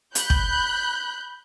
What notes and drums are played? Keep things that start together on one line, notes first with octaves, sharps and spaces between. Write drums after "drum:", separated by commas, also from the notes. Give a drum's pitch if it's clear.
B5 F#6 G6, drum: hi-hat
drum: kick